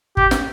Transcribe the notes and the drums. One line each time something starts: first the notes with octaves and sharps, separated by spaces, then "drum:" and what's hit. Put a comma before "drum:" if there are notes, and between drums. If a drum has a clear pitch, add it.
G4, drum: kick
drum: snare